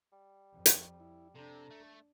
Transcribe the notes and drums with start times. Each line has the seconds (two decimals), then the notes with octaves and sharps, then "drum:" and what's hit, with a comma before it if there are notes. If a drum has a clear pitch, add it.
0.12 G3
0.53 F2
0.66 drum: hi-hat
1.00 E4
1.35 C3 D4 A4 A#5
1.71 A3